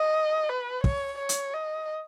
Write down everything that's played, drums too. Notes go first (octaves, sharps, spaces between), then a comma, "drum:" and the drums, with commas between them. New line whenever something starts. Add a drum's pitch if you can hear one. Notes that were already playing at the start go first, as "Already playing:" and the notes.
Already playing: D#5
B4
C#5, drum: kick
C#5
drum: hi-hat
D#5